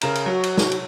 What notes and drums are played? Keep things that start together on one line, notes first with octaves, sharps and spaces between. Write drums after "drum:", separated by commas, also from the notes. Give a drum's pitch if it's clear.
C#3 A#4 E7, drum: cymbal
drum: cymbal
F#3 F#4
drum: cymbal
drum: snare
drum: cymbal